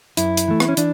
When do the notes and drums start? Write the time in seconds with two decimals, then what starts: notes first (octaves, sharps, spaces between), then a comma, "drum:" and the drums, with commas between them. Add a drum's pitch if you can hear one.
0.17 F#2 E4, drum: hi-hat
0.37 drum: hi-hat
0.48 E3 A3
0.60 B3, drum: rim click
0.68 C#4
0.77 E3 D4, drum: hi-hat